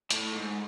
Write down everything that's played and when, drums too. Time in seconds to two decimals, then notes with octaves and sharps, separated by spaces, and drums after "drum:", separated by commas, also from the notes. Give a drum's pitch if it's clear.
0.10 A2, drum: hi-hat
0.33 G#2